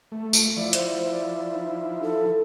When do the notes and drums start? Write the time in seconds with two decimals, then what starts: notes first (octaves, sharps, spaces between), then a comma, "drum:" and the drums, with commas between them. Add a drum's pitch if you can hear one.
0.12 A3
0.33 drum: tambourine
0.57 F3 E4 D5
0.73 C5, drum: hi-hat
1.11 D5
1.55 D#4
2.03 A4